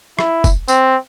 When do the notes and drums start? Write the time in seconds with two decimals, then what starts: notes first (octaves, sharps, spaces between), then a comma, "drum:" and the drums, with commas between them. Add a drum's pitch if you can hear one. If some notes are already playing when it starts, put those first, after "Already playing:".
0.19 E4, drum: rim click
0.44 drum: kick, tambourine
0.68 C4, drum: tambourine